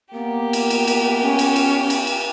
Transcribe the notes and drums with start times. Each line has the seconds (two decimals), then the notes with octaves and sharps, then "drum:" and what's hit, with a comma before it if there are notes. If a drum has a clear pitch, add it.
0.14 A#3 B3 G4
0.53 drum: cymbal
0.70 drum: cymbal
0.87 drum: cymbal
1.22 C#4
1.39 drum: cymbal
1.56 drum: cymbal
1.90 drum: cymbal
2.07 drum: cymbal